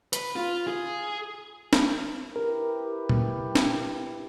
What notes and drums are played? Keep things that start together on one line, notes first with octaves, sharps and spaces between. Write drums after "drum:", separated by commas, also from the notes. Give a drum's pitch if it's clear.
B4, drum: hi-hat
F4
G#4
drum: snare
E4 G4 A#4 B4
drum: tom A#2
drum: snare